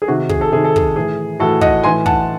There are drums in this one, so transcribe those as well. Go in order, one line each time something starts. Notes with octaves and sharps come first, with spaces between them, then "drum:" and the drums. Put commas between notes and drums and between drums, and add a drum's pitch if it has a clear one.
G#4
C3 D#3 F#4
G#4, drum: kick
A4
C3 D#3 G#4
A4
G#4, drum: kick
A2 E3 G#4
A2 E3 F#4 A4
D#5 F#5, drum: kick
A2 E3 G#5 C6
F#5 A5, drum: kick